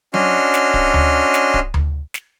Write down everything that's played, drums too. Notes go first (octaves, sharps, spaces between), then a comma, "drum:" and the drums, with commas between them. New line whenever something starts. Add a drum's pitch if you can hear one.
C#4 D4 F#4 D#5 C6 F6, drum: tom F#3
drum: snare
drum: kick D1
drum: tom D2
drum: snare
drum: kick D1
drum: tom D2
drum: snare